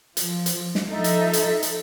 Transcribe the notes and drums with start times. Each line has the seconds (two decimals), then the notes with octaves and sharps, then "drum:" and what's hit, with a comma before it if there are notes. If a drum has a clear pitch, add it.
0.17 F3, drum: hi-hat
0.46 drum: hi-hat
0.75 drum: snare
0.89 F3 D#4 A4 E5
1.04 drum: hi-hat
1.33 drum: hi-hat
1.63 drum: hi-hat